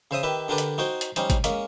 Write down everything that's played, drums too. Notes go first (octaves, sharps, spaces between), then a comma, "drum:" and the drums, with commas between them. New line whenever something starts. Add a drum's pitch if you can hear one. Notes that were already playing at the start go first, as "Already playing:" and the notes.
C#3 C5 E5 D#6
D#3 G4 B4 E5
D3 D4 G4 A#4 B4 D5
drum: hi-hat
D#4 F#4 C5 G5
drum: hi-hat
G3 C#4 D#4 C5, drum: hi-hat
drum: kick, hi-hat
G#3 A#3 C#4, drum: hi-hat